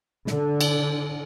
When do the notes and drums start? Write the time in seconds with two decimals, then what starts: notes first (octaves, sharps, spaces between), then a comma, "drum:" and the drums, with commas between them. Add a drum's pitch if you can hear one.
0.27 D3, drum: snare
0.61 drum: cymbal